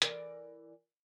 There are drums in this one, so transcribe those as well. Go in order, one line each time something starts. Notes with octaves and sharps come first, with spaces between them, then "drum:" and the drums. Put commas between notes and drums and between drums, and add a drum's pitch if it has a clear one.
E3 A#4 D5, drum: hi-hat